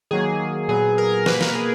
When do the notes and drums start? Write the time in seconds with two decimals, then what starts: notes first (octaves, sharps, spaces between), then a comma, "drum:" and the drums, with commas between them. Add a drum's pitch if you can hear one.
0.11 D#3 F#3 A#3 G#4
0.68 A#2 F#3 B3 G#4
0.98 A#4
1.26 B2 A#3 B4, drum: snare
1.41 A#4, drum: snare
1.55 G#4